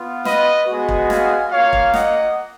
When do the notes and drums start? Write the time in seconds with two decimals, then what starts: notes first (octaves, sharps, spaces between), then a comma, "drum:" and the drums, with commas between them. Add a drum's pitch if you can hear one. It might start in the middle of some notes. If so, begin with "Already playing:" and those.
Already playing: B3 F4
0.25 B4 D#5, drum: snare
0.67 G#3 B3 F#4
0.89 drum: kick
1.10 F5 G#5, drum: snare
1.51 A#3 F4 C#5 F5
1.73 drum: kick
1.94 D#5 F#5, drum: snare